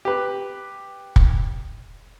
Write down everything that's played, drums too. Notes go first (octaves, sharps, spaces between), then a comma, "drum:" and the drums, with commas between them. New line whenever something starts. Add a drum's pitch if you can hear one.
G4 B4
drum: kick